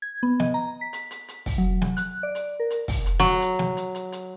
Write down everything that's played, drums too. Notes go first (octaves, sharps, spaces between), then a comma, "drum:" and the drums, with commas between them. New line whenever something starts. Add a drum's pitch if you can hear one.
G#6
B3
D#5, drum: snare
A#5
B6
drum: hi-hat
drum: hi-hat
drum: hi-hat
drum: kick, open hi-hat
F#3
drum: snare
F#6, drum: hi-hat
D5
drum: hi-hat
A#4
drum: hi-hat
drum: kick, open hi-hat
drum: hi-hat
F#3
drum: hi-hat
drum: snare
drum: hi-hat
drum: hi-hat
drum: hi-hat